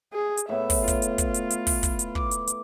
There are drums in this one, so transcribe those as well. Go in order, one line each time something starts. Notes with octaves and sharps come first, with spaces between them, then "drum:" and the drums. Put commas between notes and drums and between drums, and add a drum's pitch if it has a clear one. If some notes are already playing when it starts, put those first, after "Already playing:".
G#4
drum: hi-hat
A2 B3 E5
drum: kick, open hi-hat
F4, drum: kick, hi-hat
drum: hi-hat
drum: kick, hi-hat
drum: hi-hat
drum: hi-hat
drum: kick, open hi-hat
drum: kick, hi-hat
drum: hi-hat
D6, drum: kick
drum: hi-hat
drum: hi-hat